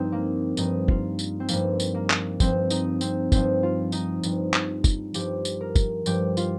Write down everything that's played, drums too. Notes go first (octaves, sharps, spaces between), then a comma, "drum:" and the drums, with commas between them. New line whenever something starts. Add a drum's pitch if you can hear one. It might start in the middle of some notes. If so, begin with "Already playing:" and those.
Already playing: G2 F3 C4 D#4
A#3
G2 F3 D#4, drum: tambourine
F4, drum: kick
drum: tambourine
C4
G2 F3 A#3, drum: tambourine
drum: tambourine
A#3
drum: clap
G2 F3 C4, drum: kick, tambourine
D#4, drum: tambourine
C4, drum: tambourine
G2 F3 C4, drum: kick, tambourine
F4
D#4, drum: tambourine
G2 F3, drum: tambourine
drum: clap
drum: kick, tambourine
G2 F3 G4, drum: tambourine
drum: tambourine
A#4
drum: kick, tambourine
G2 F3 G4, drum: tambourine
F4, drum: tambourine